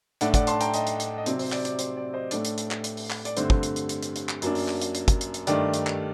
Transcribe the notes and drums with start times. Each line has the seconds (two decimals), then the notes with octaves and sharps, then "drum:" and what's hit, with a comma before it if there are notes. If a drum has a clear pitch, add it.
0.21 A2 A3 D4 D5 F#5, drum: hi-hat
0.34 D5 F#5, drum: kick, hi-hat
0.47 A5 C6, drum: hi-hat
0.61 G5 A#5, drum: hi-hat
0.74 D#5 G5, drum: hi-hat
0.87 drum: hi-hat
1.00 drum: hi-hat
1.18 D#5
1.26 C3 F#3 C4 D5, drum: hi-hat
1.39 C5, drum: open hi-hat
1.52 D5, drum: clap
1.65 D5, drum: hi-hat
1.79 C5, drum: hi-hat
1.97 D5
2.13 C5 D#5
2.31 A2 A3 D4 D5, drum: hi-hat
2.45 drum: hi-hat
2.58 drum: hi-hat
2.71 drum: clap
2.84 drum: hi-hat
2.97 drum: open hi-hat
3.10 drum: clap
3.25 D5, drum: hi-hat
3.37 G2 D3 A3 C4 C5, drum: hi-hat
3.50 drum: kick
3.63 drum: hi-hat
3.76 drum: hi-hat
3.89 drum: hi-hat
4.03 drum: hi-hat
4.16 drum: hi-hat
4.29 drum: clap
4.42 F#2 F#3 A#3 D4, drum: hi-hat
4.55 drum: open hi-hat
4.68 drum: clap
4.81 drum: hi-hat
4.95 drum: hi-hat
5.08 drum: kick, hi-hat
5.21 drum: hi-hat
5.34 drum: hi-hat
5.47 G2 D#3 A3 D4 D5, drum: hi-hat
5.74 drum: hi-hat
5.87 drum: clap